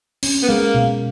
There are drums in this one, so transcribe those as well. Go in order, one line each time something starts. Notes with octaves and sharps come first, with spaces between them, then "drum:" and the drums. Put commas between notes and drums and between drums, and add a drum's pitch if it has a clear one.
C#4, drum: cymbal
B3
G#3 A#3
B2